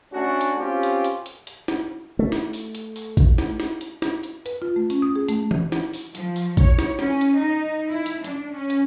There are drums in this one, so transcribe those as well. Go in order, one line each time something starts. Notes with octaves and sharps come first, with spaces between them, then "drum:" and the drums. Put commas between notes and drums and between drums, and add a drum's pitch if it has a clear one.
A3 C#4 D4 F#4
drum: hi-hat
C4 C#4 F4 G4
drum: hi-hat
drum: hi-hat
drum: hi-hat
drum: hi-hat
drum: snare
A3
drum: snare
drum: open hi-hat
drum: hi-hat
drum: open hi-hat
drum: kick, hi-hat
drum: snare
drum: snare
drum: hi-hat
drum: snare
drum: hi-hat
B4, drum: hi-hat
F4
A3
C#4, drum: hi-hat
D#6
G#4
A3, drum: hi-hat
drum: tom E3
drum: snare
drum: open hi-hat
F3, drum: hi-hat
drum: open hi-hat
C#5, drum: kick, hi-hat
drum: snare
C#4, drum: snare
drum: hi-hat
D#4
E4
drum: hi-hat
D4, drum: hi-hat
C#4
drum: hi-hat